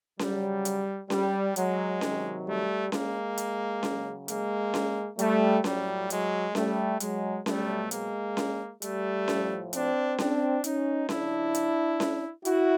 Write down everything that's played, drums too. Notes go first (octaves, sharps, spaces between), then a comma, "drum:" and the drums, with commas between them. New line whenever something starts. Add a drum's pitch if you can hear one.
C#3 F#3 G3, drum: snare C#4
drum: hi-hat
G3, drum: snare C#4
F#3 G#3, drum: hi-hat
C3 D#3 F#3, drum: snare C#4
G3 A3
G#3 A#3, drum: snare C#4
drum: hi-hat
C#3 F#3, drum: snare C#4
G#3 A#3, drum: hi-hat
drum: snare C#4
G3 A3, drum: hi-hat
A2 F#3 G3, drum: snare C#4
F#3 G#3, drum: hi-hat
G3 A3, drum: snare C#4
F#3 G#3, drum: hi-hat
B2 F#3 G3 A3, drum: snare C#4
G#3 A#3, drum: hi-hat
drum: snare C#4
G3 A3, drum: hi-hat
A2 F3, drum: snare C#4
C4 D4, drum: hi-hat
C4 D4, drum: snare C#4
C#4 D#4, drum: hi-hat
C#3 F3 D4 E4, drum: snare C#4
drum: hi-hat
drum: snare C#4
E4 F#4, drum: hi-hat